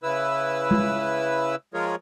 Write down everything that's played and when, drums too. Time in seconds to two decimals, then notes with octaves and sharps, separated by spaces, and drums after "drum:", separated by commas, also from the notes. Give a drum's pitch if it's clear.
0.03 C#3 E4 B4 E6
0.71 drum: tom G#3
1.74 F3 G#3 F4 G#4 A#4 C#5